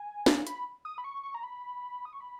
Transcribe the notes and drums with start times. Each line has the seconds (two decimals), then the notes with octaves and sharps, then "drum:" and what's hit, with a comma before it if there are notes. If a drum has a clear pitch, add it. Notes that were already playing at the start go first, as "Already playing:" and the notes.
Already playing: G#5
0.26 drum: snare
0.47 B5, drum: hi-hat
0.85 D#6
0.98 B5
1.04 C#6
1.23 C#6
1.34 A#5
1.43 B5
2.05 D#6
2.13 C#6
2.21 B5